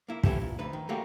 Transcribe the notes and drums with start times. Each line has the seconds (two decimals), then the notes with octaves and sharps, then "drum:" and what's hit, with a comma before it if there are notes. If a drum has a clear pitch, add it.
0.09 A#3 E4
0.23 D3 E3 A#3 E4 G4 A4, drum: kick
0.42 A#2
0.59 D2 D#4 B4
0.73 D#3
0.89 G3 A3 A#3 F#4 G4